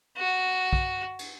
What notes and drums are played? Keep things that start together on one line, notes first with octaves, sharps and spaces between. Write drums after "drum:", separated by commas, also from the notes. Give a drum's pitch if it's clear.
F#4
drum: kick
drum: cymbal